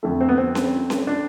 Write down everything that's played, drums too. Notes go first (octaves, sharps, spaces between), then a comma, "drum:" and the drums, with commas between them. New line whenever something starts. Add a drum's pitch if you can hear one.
F2 D3 A3
C4
B3
C4
drum: snare C#4
drum: snare C#4
D4